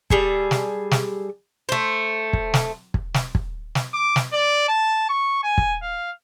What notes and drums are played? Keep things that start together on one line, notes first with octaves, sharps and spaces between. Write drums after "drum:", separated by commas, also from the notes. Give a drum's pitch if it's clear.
G3 G#4 A4, drum: kick
drum: snare
drum: snare
A3 C5
drum: kick
drum: snare
drum: kick
drum: snare
drum: kick
drum: snare
D6
drum: snare
D5
A5
C#6
G#5
drum: kick
F5